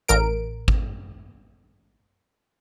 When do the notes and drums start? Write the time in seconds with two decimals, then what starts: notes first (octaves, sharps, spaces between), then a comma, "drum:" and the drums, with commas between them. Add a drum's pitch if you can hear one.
0.08 A1 A#4 D7
0.68 drum: kick G#1